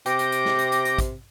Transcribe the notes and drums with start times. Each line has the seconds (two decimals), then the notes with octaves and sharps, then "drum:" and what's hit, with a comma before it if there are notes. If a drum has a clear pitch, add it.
0.06 C3 G5 D6 A#6, drum: hi-hat
0.19 drum: hi-hat
0.32 drum: hi-hat
0.46 drum: snare
0.59 drum: hi-hat
0.72 drum: hi-hat
0.85 drum: hi-hat
0.98 drum: kick, hi-hat